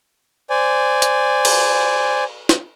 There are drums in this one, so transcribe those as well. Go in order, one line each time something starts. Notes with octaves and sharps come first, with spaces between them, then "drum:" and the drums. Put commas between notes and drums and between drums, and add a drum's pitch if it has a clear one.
C5 D5 G#5
drum: hi-hat
drum: cymbal
drum: snare